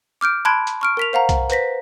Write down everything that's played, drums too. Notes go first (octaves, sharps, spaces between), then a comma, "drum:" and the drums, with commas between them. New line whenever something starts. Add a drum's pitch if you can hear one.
D6 F6 G6 D7
A5 B5 C6 F#6 G#6 D7
drum: hi-hat
C#6 F6 D7
A#4 B6 F7
C5 F5 F#5 A#5
drum: kick B1, hi-hat
B4 C5 A#6 B6, drum: hi-hat